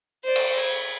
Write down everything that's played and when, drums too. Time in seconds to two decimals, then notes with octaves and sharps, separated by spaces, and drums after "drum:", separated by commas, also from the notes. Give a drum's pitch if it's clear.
0.24 C5 D5
0.36 drum: cymbal
0.60 G#6